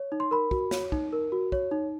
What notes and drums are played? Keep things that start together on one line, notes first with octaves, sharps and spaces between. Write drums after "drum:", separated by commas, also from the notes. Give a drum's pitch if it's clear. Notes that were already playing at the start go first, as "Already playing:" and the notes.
Already playing: C#5
D#4
C6
A#4 B5
F#4, drum: kick
C#5, drum: snare
D#4, drum: kick
A#4
F#4
C#5, drum: kick
D#4